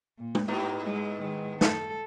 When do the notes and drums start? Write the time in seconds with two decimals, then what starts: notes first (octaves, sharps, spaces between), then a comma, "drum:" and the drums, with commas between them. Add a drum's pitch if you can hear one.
0.18 A#2
0.35 drum: tom
0.48 G#2 B3 D#4 G4
0.84 G#3
1.18 D#3 G#3
1.61 A4, drum: snare